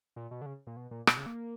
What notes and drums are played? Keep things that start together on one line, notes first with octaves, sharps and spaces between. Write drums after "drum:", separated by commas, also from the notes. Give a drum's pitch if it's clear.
A#2
B2
D3
C#3
A#2
B2
A#2
B2, drum: rim click
C#3
A#3